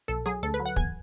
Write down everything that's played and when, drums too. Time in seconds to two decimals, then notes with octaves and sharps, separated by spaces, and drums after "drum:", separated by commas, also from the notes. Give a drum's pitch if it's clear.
0.08 B1 A4
0.26 F#3 G#4
0.43 D2 A4
0.54 B4
0.60 F#3
0.66 F#5
0.76 E2 G#5, drum: kick